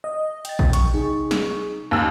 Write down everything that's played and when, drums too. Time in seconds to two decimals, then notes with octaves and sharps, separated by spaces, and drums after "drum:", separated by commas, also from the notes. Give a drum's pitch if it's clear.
0.04 D#5
0.45 G5 A6, drum: hi-hat
0.59 drum: kick A#1
0.73 C#6, drum: hi-hat
0.93 C3 D#4 G#4
1.31 drum: snare
1.91 D#2 G#5 A#5 E6